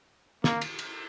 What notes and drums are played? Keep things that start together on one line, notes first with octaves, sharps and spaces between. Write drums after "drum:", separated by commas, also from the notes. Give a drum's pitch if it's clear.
A#3, drum: snare
drum: cymbal
drum: cymbal